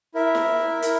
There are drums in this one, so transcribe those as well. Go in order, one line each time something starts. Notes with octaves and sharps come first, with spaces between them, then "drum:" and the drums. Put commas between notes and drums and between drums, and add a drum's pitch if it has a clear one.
E4 A#4 E5
drum: snare E4
E4 A#4, drum: hi-hat